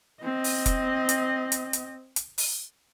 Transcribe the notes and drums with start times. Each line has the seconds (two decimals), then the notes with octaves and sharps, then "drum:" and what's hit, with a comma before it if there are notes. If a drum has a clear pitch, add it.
0.23 C4 D#5
0.44 drum: open hi-hat
0.66 drum: kick F1, hi-hat
1.09 drum: hi-hat
1.52 drum: hi-hat
1.73 drum: hi-hat
2.16 drum: hi-hat
2.38 drum: open hi-hat